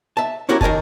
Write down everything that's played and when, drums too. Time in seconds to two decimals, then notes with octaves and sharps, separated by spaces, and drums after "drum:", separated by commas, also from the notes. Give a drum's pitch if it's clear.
0.17 E5 A5
0.49 C#4 E4 F#4 G4 A#4 C#5
0.61 D#3 A#4 D#5 G#5 A5, drum: kick